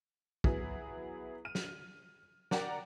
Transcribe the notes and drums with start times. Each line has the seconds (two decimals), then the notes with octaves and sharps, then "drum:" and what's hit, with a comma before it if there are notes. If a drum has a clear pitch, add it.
0.44 F#3 B3 E4 G#4, drum: kick
1.45 F6 D#7
1.55 drum: snare
2.51 A#4 D5 F#5 G5 A#5, drum: snare